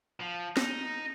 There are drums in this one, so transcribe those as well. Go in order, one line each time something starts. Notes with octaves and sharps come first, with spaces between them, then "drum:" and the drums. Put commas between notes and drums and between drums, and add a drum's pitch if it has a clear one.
F3
D#4, drum: snare